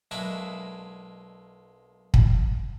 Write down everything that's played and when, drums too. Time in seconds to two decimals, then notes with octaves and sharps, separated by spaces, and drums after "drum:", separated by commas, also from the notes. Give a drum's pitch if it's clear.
0.11 B1 G#3 A#3 D4 E4 G#5
2.14 drum: kick